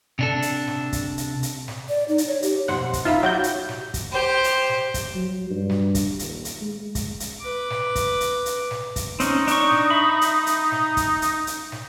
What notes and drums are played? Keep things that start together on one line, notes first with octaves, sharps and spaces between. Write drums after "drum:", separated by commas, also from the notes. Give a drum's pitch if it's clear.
C3 D4 A4
drum: hi-hat
drum: snare
drum: kick, hi-hat
drum: hi-hat
drum: hi-hat
drum: snare
D5
D#4
drum: hi-hat
C#5
G4, drum: hi-hat
B1 F2 C5 F#5, drum: snare
drum: kick, hi-hat
D#4 F4 E5 B5
F#3 F#4 G4 G6
drum: hi-hat
drum: snare
drum: kick, hi-hat
G4 C5
drum: hi-hat
drum: snare
drum: kick, hi-hat
F#3
G2
drum: snare
drum: kick, hi-hat
D#1, drum: hi-hat
drum: hi-hat
G#3
drum: kick, hi-hat
drum: hi-hat
B4 D6
drum: snare
drum: kick, hi-hat
drum: hi-hat
drum: hi-hat
drum: snare
drum: kick, hi-hat
C4 C#4 D#4, drum: hi-hat
D4 C#6, drum: hi-hat
drum: snare
E5 B5
drum: hi-hat
drum: hi-hat
drum: snare
drum: kick, hi-hat
drum: hi-hat
drum: hi-hat
drum: snare